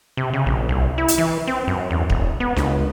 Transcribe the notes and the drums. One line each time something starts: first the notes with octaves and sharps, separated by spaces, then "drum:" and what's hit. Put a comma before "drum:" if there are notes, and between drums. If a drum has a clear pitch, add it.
C3
C#3
A#1
C2
E4
drum: hi-hat
E3
C4
F#2
E2
E1, drum: kick
B3
C#2, drum: snare D4